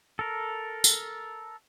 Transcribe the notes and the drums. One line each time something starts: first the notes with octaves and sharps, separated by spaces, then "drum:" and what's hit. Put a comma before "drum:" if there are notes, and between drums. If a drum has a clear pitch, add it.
A4 A#4
drum: tambourine